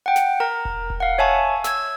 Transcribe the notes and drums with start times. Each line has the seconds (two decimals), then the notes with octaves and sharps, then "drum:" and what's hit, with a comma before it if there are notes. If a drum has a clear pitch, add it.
0.06 F#5 G5
0.16 drum: snare
0.40 A#4 A#5
0.65 drum: kick E1
0.90 drum: kick E1
1.00 F5 F#5
1.18 C#5 E5 G#5 A5 C#6
1.64 E6 G#6, drum: snare